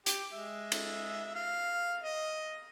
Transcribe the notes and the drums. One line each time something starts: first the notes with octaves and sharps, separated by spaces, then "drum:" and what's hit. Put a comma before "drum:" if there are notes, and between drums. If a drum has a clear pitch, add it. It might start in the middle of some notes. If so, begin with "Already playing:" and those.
G4, drum: hi-hat
G#3 E5
drum: cymbal
F5
D#5